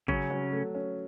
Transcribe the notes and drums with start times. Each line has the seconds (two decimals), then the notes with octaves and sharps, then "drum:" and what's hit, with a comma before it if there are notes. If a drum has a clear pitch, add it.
0.08 C#3 F#3 C#4, drum: kick G#1
0.30 F#3
0.52 A3
0.75 C#4